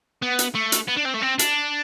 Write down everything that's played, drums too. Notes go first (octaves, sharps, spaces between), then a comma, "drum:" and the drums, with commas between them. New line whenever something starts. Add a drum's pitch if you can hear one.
B3
drum: hi-hat
A3
drum: hi-hat
B3
D4
C4
A3
C4
D4, drum: hi-hat